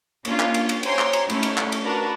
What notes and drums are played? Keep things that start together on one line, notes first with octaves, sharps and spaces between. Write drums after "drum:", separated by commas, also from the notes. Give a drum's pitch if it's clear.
A#3 C#4 D4 F4, drum: cymbal
drum: clap
drum: cymbal
drum: cymbal
C5 C#5 G5 G#5 A#5 C6, drum: cymbal
drum: clap
drum: cymbal
A3 C#4 D#4 E4, drum: cymbal
drum: cymbal
drum: clap
drum: cymbal
D4 F#4 A#4 B4 A5